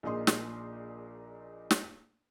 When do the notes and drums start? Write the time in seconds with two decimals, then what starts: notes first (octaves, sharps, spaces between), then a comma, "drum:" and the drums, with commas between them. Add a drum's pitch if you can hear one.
0.03 A#1 A#2 D#4 G#4 C6
0.27 drum: snare
1.71 drum: snare